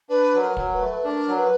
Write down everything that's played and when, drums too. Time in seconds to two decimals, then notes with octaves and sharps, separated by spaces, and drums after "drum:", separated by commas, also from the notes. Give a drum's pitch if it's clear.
0.09 D4 B4
0.34 F#3
0.40 A#4
0.57 F#3, drum: kick
0.73 B4
0.81 A3
1.04 D4 A#4
1.28 F#3
1.36 B4